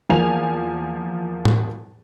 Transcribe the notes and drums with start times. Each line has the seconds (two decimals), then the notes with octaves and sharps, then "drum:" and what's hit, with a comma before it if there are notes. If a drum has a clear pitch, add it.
0.09 E2 F3 A#3 G#5 F7
1.45 drum: tom A2